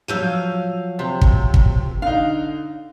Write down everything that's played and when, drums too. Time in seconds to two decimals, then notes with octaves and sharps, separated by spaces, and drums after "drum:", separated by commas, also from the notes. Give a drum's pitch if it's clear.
0.08 F3 F#3 F5 E6 G6 D#7
0.99 C3 C5
1.21 drum: kick
1.54 drum: kick
2.02 D3 D#4 F5